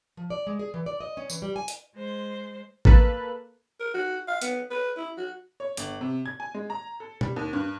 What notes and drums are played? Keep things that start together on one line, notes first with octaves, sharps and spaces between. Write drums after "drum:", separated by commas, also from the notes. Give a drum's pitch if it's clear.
F3
D5
G#3
G#4
E3
D5
D#5
C#4
E3, drum: tambourine
G3
G#5
drum: hi-hat
G#3 C5
A#3 A4 B4, drum: kick A1
A#4
F#4
F5
B3, drum: hi-hat
B4
E4
F#4
C#5
G1, drum: hi-hat
C3
G#6
G#5
G#3
A#5
A4
G3, drum: tom B2
D#2
G2